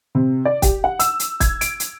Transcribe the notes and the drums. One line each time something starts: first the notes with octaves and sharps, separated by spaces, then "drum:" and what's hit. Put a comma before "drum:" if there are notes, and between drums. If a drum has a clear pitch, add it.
C3
D5
G4, drum: kick, hi-hat
F#5
E6, drum: hi-hat
drum: hi-hat
G#6, drum: kick, hi-hat
D7, drum: hi-hat
drum: hi-hat